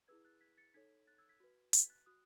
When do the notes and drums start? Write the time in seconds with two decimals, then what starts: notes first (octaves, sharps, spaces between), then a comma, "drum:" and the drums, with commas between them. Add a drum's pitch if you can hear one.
0.08 E4 G#4 B4 E6 G#6
0.25 F#6 A6
0.41 G#6 B6
0.58 A6 C#7
0.74 D#4 A4 C#5 G#6 B6
1.07 F#6 A6
1.18 E6 G#6
1.29 G#6 B6
1.40 F#4 B4
1.73 G#6 B6, drum: hi-hat
1.89 F#6 A6
2.06 F#4 D#6 F#6